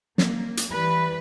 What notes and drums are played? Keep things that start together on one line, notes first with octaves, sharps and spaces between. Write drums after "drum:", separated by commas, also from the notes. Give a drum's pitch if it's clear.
A#3, drum: snare
drum: hi-hat
E3 G3 B4